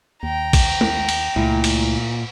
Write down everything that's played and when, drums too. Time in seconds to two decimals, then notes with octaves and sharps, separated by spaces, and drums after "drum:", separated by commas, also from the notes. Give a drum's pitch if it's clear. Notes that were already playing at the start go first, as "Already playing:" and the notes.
0.23 D#2 G5 A#5
0.53 drum: kick A#1, cymbal
0.81 drum: tom G#3
1.09 drum: cymbal
1.36 C#2 A#2 A3 E4
1.64 drum: cymbal